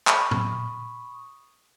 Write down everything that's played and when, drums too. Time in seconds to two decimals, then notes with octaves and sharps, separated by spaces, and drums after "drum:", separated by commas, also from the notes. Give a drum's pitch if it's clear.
0.07 B5 C#6 D#6, drum: clap
0.31 drum: tom A2